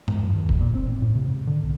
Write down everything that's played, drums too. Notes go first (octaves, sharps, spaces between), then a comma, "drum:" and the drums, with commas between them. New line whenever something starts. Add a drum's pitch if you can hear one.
G#2, drum: tom G2
F#2
D#2
A#1, drum: kick E1
A#2
C4
A1
A2
C3
G#2
D3
B1